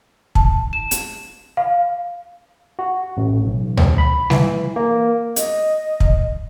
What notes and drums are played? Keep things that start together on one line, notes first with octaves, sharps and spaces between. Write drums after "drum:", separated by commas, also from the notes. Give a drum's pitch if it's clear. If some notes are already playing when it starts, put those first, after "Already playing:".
A5, drum: kick
E7
drum: hi-hat
F5
F#4
A1
B1
drum: tom D2
B5
E3, drum: snare G3
A#3
D#5, drum: hi-hat
drum: kick